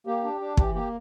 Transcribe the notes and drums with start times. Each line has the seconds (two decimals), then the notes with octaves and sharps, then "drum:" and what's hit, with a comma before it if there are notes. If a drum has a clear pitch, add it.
0.07 A#3 G4
0.24 D4
0.41 D4
0.57 E3 G4, drum: kick
0.75 A#3 G4